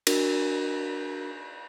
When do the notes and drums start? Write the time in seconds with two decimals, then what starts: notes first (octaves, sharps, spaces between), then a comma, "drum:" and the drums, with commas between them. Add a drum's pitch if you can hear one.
0.07 D4 F#4 A#4, drum: cymbal